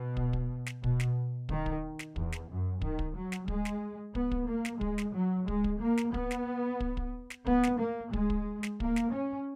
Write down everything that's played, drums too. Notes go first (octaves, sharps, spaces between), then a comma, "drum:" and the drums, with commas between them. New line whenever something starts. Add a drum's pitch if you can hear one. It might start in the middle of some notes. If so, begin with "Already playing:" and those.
Already playing: B2
drum: kick
drum: kick
drum: snare
B2, drum: kick
drum: snare
D#3, drum: kick
drum: kick
drum: snare
E2, drum: kick
drum: snare
F#2
D#3, drum: kick
drum: kick
F#3
drum: snare
G#3, drum: kick
drum: snare
B3, drum: kick
drum: kick
A#3
drum: snare
G#3, drum: kick
drum: snare
F#3
G#3, drum: kick
drum: kick
A#3
drum: snare
B3, drum: kick
drum: snare
drum: kick
drum: kick
drum: snare
B3, drum: kick
drum: snare
A#3
G#3, drum: kick
drum: kick
drum: snare
A#3, drum: kick
drum: snare
C#4